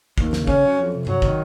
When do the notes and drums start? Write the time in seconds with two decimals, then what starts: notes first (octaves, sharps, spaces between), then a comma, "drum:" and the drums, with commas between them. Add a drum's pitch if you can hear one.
0.18 D#2, drum: kick
0.33 C#3, drum: snare
0.47 C#4, drum: kick
0.63 F#3
0.77 F2
0.92 C3
1.07 F#3, drum: tom G2
1.22 D#3, drum: kick